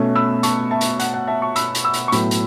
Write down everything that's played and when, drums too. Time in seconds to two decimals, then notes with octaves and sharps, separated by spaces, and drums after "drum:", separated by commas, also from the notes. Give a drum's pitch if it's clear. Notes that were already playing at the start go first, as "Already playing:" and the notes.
Already playing: B2 A3 C#4
0.15 B5 E6
0.43 A5 C#6, drum: hi-hat
0.71 E5 A5
0.81 drum: hi-hat
1.00 F#5, drum: hi-hat
1.14 F#5
1.27 E5 A5
1.42 A5 C#6
1.56 B5 E6, drum: hi-hat
1.75 drum: hi-hat
1.84 B5 E6
1.94 drum: hi-hat
2.08 C#6
2.12 A2 F#3 B3 B5 E6, drum: hi-hat
2.31 drum: hi-hat